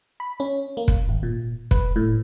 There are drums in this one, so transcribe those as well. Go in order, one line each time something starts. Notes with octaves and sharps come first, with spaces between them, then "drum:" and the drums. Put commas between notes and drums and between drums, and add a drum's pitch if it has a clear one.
B5
C#4
A#3
drum: kick
G#1
A#2
B4, drum: kick
A2